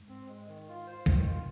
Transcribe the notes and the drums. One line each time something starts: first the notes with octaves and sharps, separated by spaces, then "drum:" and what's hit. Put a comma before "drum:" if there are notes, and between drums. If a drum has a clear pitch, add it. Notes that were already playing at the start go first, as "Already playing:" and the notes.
Already playing: G#2
C4
G#3
D#3
F4
C5
F2 A#2 D#3, drum: kick
F4
C3